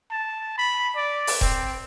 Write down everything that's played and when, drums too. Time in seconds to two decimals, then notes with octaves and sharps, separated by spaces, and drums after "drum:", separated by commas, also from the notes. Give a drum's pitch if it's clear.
0.11 A5
0.58 B5
0.96 D5
1.27 drum: open hi-hat
1.41 C4, drum: kick D#1